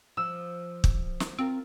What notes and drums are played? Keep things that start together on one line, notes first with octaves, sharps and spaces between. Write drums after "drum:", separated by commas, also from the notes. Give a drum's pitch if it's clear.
F3 E6
drum: kick
drum: snare
C4 F4 A#4